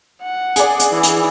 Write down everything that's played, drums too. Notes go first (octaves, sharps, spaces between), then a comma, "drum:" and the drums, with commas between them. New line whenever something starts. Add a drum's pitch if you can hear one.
F#5
G#4 D5, drum: hi-hat
drum: hi-hat
E3
drum: hi-hat